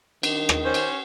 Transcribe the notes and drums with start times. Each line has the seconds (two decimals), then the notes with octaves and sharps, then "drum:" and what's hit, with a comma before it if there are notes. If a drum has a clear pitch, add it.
0.23 D#3 G3 D4, drum: cymbal
0.49 drum: rim click
0.65 C#4 D#4 C5 F#5
0.74 drum: cymbal